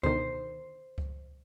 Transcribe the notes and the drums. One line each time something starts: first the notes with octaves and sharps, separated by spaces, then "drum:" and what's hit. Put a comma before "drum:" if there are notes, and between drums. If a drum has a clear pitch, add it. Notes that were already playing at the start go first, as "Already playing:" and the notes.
B2 D3 D#3 C5, drum: kick C#2
drum: kick C#2